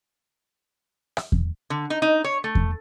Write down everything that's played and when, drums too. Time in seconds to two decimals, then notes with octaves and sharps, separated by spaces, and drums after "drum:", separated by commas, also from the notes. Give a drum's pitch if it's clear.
1.17 drum: rim click
1.32 drum: kick E2
1.70 D3
1.90 D#4
2.02 D#4
2.24 C#5
2.44 A3
2.55 drum: kick E2